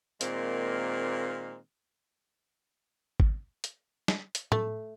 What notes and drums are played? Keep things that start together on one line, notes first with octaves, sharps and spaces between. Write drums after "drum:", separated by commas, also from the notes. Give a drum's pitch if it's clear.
A#2 D#3 G#3 A#3 C4, drum: hi-hat
drum: kick G#1
drum: hi-hat
drum: snare
drum: hi-hat
A3, drum: tom